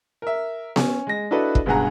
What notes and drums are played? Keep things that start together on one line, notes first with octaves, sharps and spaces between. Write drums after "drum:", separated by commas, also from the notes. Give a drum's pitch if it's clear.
A#4 E5
C#4, drum: snare B3
G#3 A#6
D4 E4 F#4 A4 B4 D#5
drum: kick
C#2 G2 B2 G#4 F#5 A#5